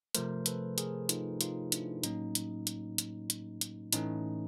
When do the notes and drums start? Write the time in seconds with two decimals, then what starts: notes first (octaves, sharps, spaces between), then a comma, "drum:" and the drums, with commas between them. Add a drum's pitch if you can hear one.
0.15 C3 F3 A3 A#4 C5, drum: hi-hat
0.46 A4 B4, drum: hi-hat
0.78 G#4 A#4, drum: hi-hat
1.09 D#4 F4, drum: hi-hat
1.41 D#4 F4, drum: hi-hat
1.72 D4 E4, drum: hi-hat
2.03 A2 F#3 A#3 C#4 D#4, drum: hi-hat
2.35 drum: hi-hat
2.67 drum: hi-hat
2.98 drum: hi-hat
3.30 drum: hi-hat
3.61 drum: hi-hat
3.92 A2 E3 A3 C#4 D#4, drum: hi-hat